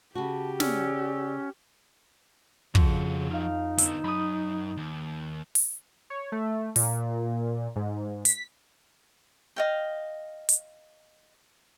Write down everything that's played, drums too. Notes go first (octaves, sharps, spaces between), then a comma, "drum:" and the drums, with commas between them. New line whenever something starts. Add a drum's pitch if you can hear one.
C#3 F#4 G4 A5
C#4 G#4 D5 E6, drum: snare
F2 C#3 F3 F#4, drum: kick
D#4 F5 F6
D3 B3 E6, drum: hi-hat
F#2 B5 D#6
D#2
drum: open hi-hat
C#5
A3
A#2, drum: open hi-hat
G#2
B6, drum: hi-hat
D#5 F5 G5
drum: hi-hat